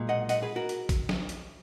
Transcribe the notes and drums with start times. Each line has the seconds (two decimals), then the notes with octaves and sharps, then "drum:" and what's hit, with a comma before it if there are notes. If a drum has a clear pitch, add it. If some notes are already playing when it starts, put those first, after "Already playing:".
Already playing: B1 A#2 G#3
0.09 D#5 F#5
0.29 D#5 F#5, drum: hi-hat
0.42 G#4 B4
0.56 F#4 A#4
0.69 drum: hi-hat
0.89 drum: kick, hi-hat
1.09 drum: snare
1.29 drum: hi-hat